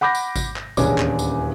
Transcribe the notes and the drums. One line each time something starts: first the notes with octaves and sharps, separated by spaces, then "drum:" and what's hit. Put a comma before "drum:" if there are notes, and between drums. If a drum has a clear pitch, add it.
F#5 B5 D6 G6 A#6
drum: tambourine
drum: kick G#1, tambourine
drum: clap
D#1 E2 C#4 D4 G#4 D6, drum: kick G#1, tambourine
drum: clap
drum: tambourine